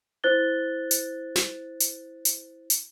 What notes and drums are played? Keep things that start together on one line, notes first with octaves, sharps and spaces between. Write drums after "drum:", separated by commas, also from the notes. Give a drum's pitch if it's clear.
E4 C5 F#6 A6 G7
drum: hi-hat
drum: snare
drum: hi-hat
drum: hi-hat
drum: hi-hat